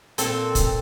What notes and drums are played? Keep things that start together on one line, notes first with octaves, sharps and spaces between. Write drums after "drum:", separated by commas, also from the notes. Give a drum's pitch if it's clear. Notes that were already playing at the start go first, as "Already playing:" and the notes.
A#2 C4 A4, drum: hi-hat
drum: kick, hi-hat